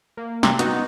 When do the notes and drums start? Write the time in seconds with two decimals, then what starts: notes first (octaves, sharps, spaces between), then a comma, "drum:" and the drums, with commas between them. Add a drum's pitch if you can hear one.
0.17 A#3
0.43 C3, drum: snare
0.59 B3 D#4 F#4, drum: hi-hat